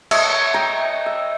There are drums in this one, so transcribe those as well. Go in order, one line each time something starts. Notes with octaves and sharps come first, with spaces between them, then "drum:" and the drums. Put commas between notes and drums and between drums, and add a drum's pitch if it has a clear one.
C#5 D#5 E5, drum: cymbal
G5 A#5 C#6
E5